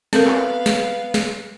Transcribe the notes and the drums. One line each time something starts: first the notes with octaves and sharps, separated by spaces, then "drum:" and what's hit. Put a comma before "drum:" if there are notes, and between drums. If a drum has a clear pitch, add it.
B3 C4 A4 A#4 F5, drum: snare
drum: clap
drum: snare
drum: snare